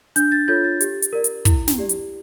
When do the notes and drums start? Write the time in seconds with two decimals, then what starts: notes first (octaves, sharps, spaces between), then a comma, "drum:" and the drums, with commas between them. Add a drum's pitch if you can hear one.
0.16 D4 G6, drum: hi-hat
0.32 A6
0.48 F4 A4 C#5 G6
0.64 A6
0.81 G4, drum: hi-hat
1.02 drum: hi-hat
1.13 A#4 D5
1.24 drum: hi-hat
1.45 E4, drum: kick, hi-hat
1.68 drum: snare
1.78 G4 D5
1.89 drum: hi-hat